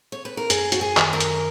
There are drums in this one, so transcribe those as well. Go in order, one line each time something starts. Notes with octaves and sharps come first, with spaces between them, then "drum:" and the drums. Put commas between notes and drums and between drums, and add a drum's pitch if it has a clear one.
C#5
B4
A#4
F#2 G#4, drum: hi-hat
F#2 F#4, drum: hi-hat
G#4
D#3, drum: clap
A#4
F#2, drum: hi-hat